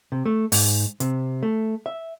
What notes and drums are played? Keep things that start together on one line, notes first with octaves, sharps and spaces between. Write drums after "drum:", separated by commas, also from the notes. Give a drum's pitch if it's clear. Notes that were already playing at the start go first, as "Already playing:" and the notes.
C3
A3
G#2, drum: open hi-hat
C3, drum: hi-hat
A3
E5